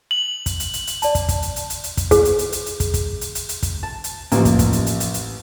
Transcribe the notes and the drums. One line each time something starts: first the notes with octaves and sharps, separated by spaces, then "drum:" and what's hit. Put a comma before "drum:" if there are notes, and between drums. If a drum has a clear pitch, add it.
F#7
drum: kick, hi-hat
drum: hi-hat
drum: hi-hat
drum: hi-hat
D5 A5, drum: hi-hat
drum: kick, hi-hat
drum: kick, hi-hat
drum: hi-hat
drum: hi-hat
drum: hi-hat
drum: hi-hat
drum: kick, hi-hat
G#4, drum: kick, hi-hat
drum: hi-hat
drum: hi-hat
drum: hi-hat
drum: hi-hat
drum: kick, hi-hat
drum: kick, hi-hat
drum: hi-hat
drum: hi-hat
drum: hi-hat
drum: kick, hi-hat
A5
drum: hi-hat
A1 F3 A#3, drum: hi-hat
drum: kick, hi-hat
drum: kick, hi-hat
drum: hi-hat
drum: hi-hat
drum: hi-hat
drum: hi-hat